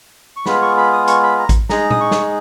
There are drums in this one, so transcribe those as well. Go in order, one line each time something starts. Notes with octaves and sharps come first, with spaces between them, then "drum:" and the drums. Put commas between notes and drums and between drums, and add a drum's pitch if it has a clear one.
C#6
G#3 B3 F4 G#4 B5, drum: snare
C#6
B5
D#6
C#6, drum: hi-hat
B5
A#5
drum: kick A1, hi-hat
G#3 D#4 G#4 A#5, drum: snare
D#6, drum: tom A#2
C#6
drum: snare